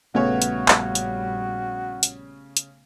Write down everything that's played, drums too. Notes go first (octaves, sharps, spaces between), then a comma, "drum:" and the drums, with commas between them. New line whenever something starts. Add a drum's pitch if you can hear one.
A#1 C#3 G3 A3 B3 F#4 C#5
drum: hi-hat
drum: clap
drum: hi-hat
drum: hi-hat
drum: hi-hat